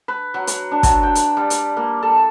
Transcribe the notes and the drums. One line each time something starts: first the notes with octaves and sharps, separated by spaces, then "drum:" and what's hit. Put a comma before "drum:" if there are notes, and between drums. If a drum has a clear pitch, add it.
B4
F#3
B4, drum: hi-hat
D4
F#3, drum: kick, hi-hat
G5
drum: hi-hat
G3
drum: hi-hat
A#3
A4